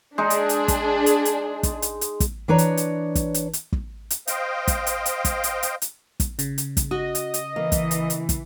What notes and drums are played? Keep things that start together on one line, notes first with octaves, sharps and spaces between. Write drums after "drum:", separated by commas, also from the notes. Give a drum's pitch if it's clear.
G#3 D4 D#4 G#4
drum: hi-hat
drum: hi-hat
drum: kick, hi-hat
drum: hi-hat
drum: hi-hat
drum: kick, hi-hat
drum: hi-hat
drum: hi-hat
drum: kick, hi-hat
E3 D4 B4 C#5 D5 A#5
drum: hi-hat
drum: hi-hat
drum: kick, hi-hat
drum: hi-hat
drum: hi-hat
drum: kick
drum: hi-hat
C5 D#5 F5 G5, drum: hi-hat
drum: kick, hi-hat
drum: hi-hat
drum: hi-hat
drum: kick, hi-hat
drum: hi-hat
drum: hi-hat
drum: hi-hat
drum: kick, hi-hat
C#3, drum: hi-hat
drum: hi-hat
drum: kick, hi-hat
F#4 D#5
drum: hi-hat
drum: hi-hat
E3 A#3
drum: kick, hi-hat
drum: hi-hat
drum: hi-hat
drum: kick, hi-hat